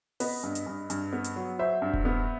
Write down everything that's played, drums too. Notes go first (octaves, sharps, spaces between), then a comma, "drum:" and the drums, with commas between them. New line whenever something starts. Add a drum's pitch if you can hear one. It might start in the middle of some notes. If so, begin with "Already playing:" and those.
B3 B4 D#5, drum: open hi-hat
G2
drum: hi-hat
G2
G2, drum: hi-hat
B3
drum: hi-hat
F#3
F#3 C5 E5
G2
drum: kick E1
B3